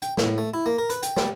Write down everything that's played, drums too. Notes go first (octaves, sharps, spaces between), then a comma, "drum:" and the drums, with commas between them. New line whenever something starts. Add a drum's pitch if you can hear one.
G5, drum: hi-hat
A2, drum: snare
A3
E4
A#3
A#4
B4, drum: hi-hat
G5, drum: hi-hat
G3, drum: snare